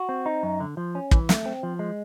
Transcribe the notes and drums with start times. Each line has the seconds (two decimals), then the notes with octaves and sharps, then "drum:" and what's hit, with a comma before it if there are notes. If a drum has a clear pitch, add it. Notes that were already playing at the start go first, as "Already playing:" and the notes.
Already playing: F#4
0.09 C4
0.26 D#4
0.43 F#2
0.60 D3
0.77 F3
0.95 C#4
1.11 E3, drum: kick
1.29 A3, drum: snare
1.46 C4
1.63 F3
1.79 G#3